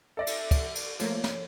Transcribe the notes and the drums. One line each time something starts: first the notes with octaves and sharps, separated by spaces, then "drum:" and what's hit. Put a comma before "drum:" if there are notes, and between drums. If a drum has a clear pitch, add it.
A4 D5 E5 A#6
drum: cymbal
drum: kick, cymbal
drum: cymbal
F3 A3 A#3 C#5, drum: cymbal
drum: snare